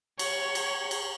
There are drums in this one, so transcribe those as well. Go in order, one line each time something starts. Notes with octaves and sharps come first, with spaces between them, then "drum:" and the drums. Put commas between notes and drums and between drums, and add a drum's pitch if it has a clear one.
C#5, drum: cymbal
drum: cymbal
drum: cymbal